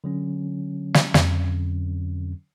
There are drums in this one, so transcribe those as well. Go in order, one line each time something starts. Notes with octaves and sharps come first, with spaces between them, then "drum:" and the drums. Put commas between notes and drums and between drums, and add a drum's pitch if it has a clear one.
D3 F#3 C#4
drum: snare
F2, drum: snare